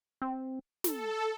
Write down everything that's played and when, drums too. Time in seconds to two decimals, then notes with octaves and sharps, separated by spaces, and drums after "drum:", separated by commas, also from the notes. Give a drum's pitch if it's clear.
0.22 C4
0.84 A4, drum: snare